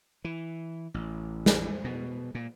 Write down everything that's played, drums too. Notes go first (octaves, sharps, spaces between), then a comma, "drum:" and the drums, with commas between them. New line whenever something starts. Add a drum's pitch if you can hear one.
E3
A1
drum: snare
B2
A#2